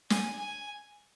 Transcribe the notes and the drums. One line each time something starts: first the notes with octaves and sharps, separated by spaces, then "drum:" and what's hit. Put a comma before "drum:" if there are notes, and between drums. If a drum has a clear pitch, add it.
G#5, drum: snare
G#5